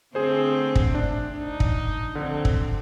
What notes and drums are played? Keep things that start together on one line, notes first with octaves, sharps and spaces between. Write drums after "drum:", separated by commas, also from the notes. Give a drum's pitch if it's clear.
D3 A3 C4 G#4 C5
drum: kick
D4
D#4
drum: kick
D3 F3 C4
drum: kick